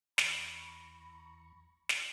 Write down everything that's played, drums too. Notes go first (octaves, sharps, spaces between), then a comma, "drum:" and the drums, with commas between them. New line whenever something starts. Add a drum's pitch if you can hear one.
E2 A#5 B5 C#6, drum: snare
drum: snare